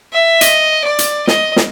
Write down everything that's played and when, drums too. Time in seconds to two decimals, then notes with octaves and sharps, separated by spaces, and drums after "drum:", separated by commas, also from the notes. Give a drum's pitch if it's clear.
0.12 E5
0.41 D#5, drum: hi-hat
0.84 D5
0.99 drum: hi-hat
1.27 D#5, drum: snare
1.56 drum: snare